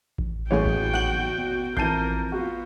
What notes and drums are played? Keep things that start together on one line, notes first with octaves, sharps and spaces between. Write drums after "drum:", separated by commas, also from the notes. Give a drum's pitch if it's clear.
drum: kick A1
D#1 A1 E3 B3 F#4 G#4 C#5 G5
drum: kick A1
B1 F#5 F#7
B2
F2 E3 A#4 A5 G6 C7 D#7, drum: kick A1
B3 F4 F#4